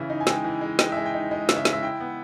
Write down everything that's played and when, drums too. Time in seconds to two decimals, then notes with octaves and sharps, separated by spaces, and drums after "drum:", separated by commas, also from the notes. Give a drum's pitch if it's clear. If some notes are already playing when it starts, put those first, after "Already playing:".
Already playing: C#3 E3 E5
0.10 D#4
0.20 G#5
0.27 G#3 G5, drum: snare
0.44 E3
0.61 G#3
0.79 G#3 G5, drum: snare
0.92 G#3 E5
1.06 G5
1.14 D#4
1.31 G#3 D#5
1.49 C#3, drum: snare
1.57 E5
1.65 G#3, drum: snare
1.73 E5
1.82 E4 G5
2.00 B3